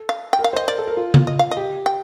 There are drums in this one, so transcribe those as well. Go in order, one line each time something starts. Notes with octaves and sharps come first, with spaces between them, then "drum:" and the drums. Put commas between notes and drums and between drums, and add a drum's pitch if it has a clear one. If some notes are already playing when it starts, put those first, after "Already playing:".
Already playing: A4
F5
G5
A#4
F5
C5
D#5
A#4 D5
A4
A#4
F4
drum: tom C#3
D#5
F5
D#5
G4
G5